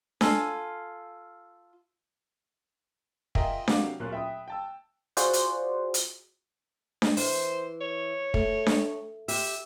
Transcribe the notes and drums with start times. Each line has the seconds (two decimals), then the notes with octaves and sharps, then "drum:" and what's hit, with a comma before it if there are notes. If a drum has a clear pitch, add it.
0.21 F4 A4 G#5, drum: snare D4
3.35 F4 G#4 A#4 D#5 E5 G5, drum: kick
3.68 C3 F#3 A#3 F5 F#5 D6, drum: snare D4
4.00 D1 A#2 A#3 C#4 F4 F#6
4.12 E5 G5 B5 D#6
4.48 G5 A5 E6
5.17 F4 F#4 G#4 C5 D5 F#5, drum: hi-hat
5.33 drum: hi-hat
5.94 drum: hi-hat
7.02 drum: snare D4
7.17 E3 C5, drum: open hi-hat
7.81 C#5
8.34 A3, drum: kick
8.66 drum: snare D4
9.28 G4 E5, drum: open hi-hat